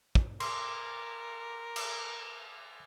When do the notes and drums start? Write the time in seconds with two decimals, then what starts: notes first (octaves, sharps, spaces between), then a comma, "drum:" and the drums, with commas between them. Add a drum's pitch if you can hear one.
0.15 drum: kick
0.40 A#4 C6 D6, drum: cymbal
1.76 drum: cymbal